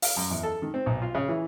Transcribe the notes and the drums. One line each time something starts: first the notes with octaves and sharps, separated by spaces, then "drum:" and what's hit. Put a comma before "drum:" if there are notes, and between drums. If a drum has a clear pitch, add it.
F5, drum: open hi-hat
F#2
E2
A4
D#3
C4
B1
F4
C#3
E3